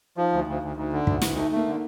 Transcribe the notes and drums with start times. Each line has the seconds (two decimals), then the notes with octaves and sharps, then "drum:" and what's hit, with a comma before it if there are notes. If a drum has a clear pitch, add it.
0.17 F3 D#4
0.32 D2
0.47 D2
0.63 D2
0.77 D2 D#4
0.92 D3
1.07 D2, drum: kick
1.22 D2, drum: snare
1.36 A3 D#4
1.51 A3 A#3
1.66 D3